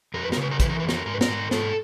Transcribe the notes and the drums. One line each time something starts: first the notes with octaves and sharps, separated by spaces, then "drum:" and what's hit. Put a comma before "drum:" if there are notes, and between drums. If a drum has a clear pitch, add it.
F2 A#4
B4
A#4, drum: snare
C#3 B4
A#4
E3 B4, drum: kick, hi-hat
A#4
F2 B4
A#4, drum: snare
G#2 A#4
B4
A#4, drum: snare
G#2
G#2 A4, drum: snare